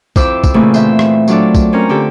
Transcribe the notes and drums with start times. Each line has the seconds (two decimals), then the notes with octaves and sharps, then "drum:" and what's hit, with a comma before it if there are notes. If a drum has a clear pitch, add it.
0.16 F2 E4 C5 D6 E6, drum: kick, tambourine
0.44 drum: kick, tambourine
0.54 A#2 C#3 E3 A3 C4
0.74 C5 E5, drum: tambourine
0.99 drum: rim click
1.28 F#3 D4 F4 A4 D5, drum: tambourine
1.55 drum: kick, tambourine
1.72 C4 C#4 A#4 A#5
1.89 D3 G4 A4